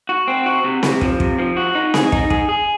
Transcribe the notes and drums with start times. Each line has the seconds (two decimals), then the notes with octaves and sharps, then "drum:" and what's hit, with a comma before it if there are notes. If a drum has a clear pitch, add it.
0.09 F#4
0.28 C4
0.46 F#4
0.64 C3
0.83 C3, drum: snare C4
1.01 F3, drum: kick
1.20 C3, drum: kick
1.38 F3
1.57 F#4
1.75 D#4
1.94 G#4, drum: snare C4
2.12 D#4, drum: kick
2.30 G#4, drum: kick
2.49 G#4